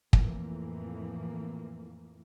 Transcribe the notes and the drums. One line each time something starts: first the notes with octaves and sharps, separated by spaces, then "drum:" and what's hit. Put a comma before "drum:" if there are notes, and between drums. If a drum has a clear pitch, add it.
F2 A2 E3 A#3, drum: kick